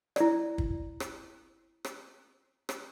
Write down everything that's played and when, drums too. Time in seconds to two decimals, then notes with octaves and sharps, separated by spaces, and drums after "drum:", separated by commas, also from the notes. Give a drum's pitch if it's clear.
0.16 E4 D5, drum: rim click
0.58 drum: kick
1.00 drum: rim click
1.85 drum: rim click
2.69 drum: rim click